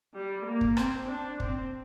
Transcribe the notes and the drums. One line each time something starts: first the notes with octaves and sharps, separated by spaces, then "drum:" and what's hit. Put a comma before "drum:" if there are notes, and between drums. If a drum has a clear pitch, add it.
G3
A#3
drum: kick
C4, drum: rim click
D4
C4, drum: kick